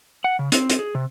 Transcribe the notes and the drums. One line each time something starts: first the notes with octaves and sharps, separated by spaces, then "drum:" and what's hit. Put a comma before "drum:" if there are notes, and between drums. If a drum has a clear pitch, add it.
F#5
C#3
C4, drum: hi-hat
drum: hi-hat
G#4
C3